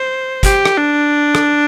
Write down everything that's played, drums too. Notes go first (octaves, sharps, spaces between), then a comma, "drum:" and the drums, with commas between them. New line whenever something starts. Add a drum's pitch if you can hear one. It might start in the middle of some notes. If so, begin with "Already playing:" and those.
Already playing: C5
G4, drum: kick, hi-hat
drum: rim click
D4
drum: rim click